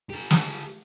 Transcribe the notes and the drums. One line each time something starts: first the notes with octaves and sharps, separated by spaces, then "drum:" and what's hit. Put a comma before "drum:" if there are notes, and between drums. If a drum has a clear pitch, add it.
G4 A4
drum: snare